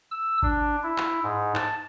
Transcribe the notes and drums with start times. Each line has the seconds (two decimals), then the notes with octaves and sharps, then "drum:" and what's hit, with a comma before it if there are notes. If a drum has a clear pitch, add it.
0.11 E6
0.43 D4, drum: kick G#1
0.83 E4
0.98 drum: clap
1.23 G#2
1.56 A5, drum: clap